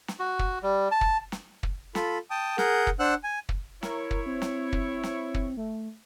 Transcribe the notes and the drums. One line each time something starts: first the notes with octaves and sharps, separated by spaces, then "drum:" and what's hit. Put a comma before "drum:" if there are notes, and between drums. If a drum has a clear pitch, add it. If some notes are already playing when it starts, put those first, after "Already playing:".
drum: snare
F#4
drum: kick
G3
A5
drum: kick
drum: snare
drum: kick
F4 A4 B5, drum: snare
G5 A5 D#6
G#4 A#4 F#5 G6, drum: snare
drum: kick
D4 C5 F#5 E6 F#6
G#5
drum: kick
E4 A#4 C#5, drum: snare
drum: kick
C4
drum: snare
drum: kick
drum: snare
drum: kick
A3